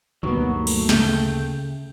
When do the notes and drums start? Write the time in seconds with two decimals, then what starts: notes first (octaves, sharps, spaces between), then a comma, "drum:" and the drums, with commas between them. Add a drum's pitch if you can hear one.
0.23 D2 G2 B2 D#3 F#3 A#3 B3
0.55 A3
0.67 drum: cymbal
0.89 C#3 G5, drum: snare